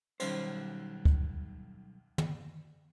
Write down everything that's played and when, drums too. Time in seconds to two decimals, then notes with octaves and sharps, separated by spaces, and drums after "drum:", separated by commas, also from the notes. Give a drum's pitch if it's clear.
0.20 B1 D#3 G3 C#4 C5, drum: cymbal
1.05 drum: kick
2.18 drum: tom